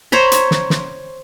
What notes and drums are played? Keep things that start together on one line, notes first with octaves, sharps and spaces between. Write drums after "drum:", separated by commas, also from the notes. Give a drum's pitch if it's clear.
C5 C#5 A#5 B5
drum: hi-hat
drum: snare
drum: snare